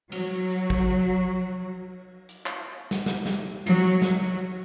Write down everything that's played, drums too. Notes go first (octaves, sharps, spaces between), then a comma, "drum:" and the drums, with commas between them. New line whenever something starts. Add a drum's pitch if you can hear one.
F#3, drum: cymbal
drum: hi-hat
drum: kick
drum: hi-hat
drum: clap
drum: snare
drum: snare
drum: snare
F#3, drum: cymbal
F#3, drum: snare